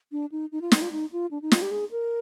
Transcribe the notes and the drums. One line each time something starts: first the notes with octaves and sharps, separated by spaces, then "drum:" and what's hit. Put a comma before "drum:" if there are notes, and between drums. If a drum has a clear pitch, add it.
D4
D#4
D#4
F4
D#4, drum: snare
F4
D#4
F4
D4
D#4
F4, drum: snare
G4
G#4
A#4